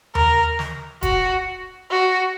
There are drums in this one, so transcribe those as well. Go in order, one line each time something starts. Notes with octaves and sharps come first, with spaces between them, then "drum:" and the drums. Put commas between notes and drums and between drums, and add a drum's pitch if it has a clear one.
A#4, drum: tom D#2
drum: snare
F#4, drum: kick, hi-hat
F#4